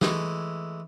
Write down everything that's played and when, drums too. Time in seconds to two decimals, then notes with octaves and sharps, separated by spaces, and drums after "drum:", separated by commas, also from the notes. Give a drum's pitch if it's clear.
0.01 E3 G#3 A3, drum: snare